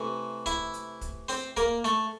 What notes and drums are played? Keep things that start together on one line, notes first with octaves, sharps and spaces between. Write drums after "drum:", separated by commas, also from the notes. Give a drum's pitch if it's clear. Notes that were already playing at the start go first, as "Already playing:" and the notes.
Already playing: C3 E3 A3
E4 E5, drum: kick, hi-hat
drum: hi-hat
drum: kick, hi-hat
C4 C5, drum: open hi-hat
A#3 A#4, drum: kick, hi-hat
A3 A4, drum: hi-hat